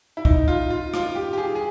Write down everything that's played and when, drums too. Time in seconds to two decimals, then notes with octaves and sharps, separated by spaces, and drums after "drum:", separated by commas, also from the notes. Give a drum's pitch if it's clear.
0.17 E4
0.25 D#4, drum: kick
0.48 F4
0.70 F4
0.94 F4, drum: rim click
1.15 G4
1.33 G4
1.38 G#4
1.55 G#4